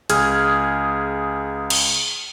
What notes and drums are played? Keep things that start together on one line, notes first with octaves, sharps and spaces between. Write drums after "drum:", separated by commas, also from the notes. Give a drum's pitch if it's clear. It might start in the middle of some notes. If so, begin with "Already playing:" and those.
C#2 G#4 F6 G#6, drum: hi-hat
drum: cymbal